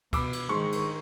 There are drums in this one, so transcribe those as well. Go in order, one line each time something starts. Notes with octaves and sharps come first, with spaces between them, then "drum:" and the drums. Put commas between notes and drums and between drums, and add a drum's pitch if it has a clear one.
B2 B5 D6 E6, drum: kick, cymbal
drum: cymbal
G#2 D#3 G#3 C6 C#6
drum: cymbal